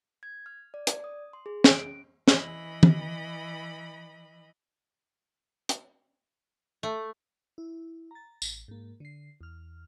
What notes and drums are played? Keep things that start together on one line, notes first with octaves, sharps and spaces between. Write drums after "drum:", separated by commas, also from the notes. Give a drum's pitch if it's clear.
G#6
F6
D5
D5, drum: hi-hat
D#6
C6
G#4
D7, drum: snare
C#4
E3 D#5 B5, drum: snare
drum: tom E3
drum: hi-hat
A3
E4
A#5 A6
A1, drum: tambourine
G#2 A#3
D3 C7
E2 F6